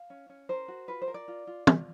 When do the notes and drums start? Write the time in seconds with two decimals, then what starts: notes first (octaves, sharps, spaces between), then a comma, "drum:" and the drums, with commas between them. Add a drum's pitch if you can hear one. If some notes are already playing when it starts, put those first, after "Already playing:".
Already playing: F5
0.10 C#4
0.30 C#4
0.49 A#4 C5
0.68 F#4
0.88 F4 B4
1.02 C5
1.08 A#4
1.14 D5
1.28 F4
1.47 F4
1.67 F4, drum: tom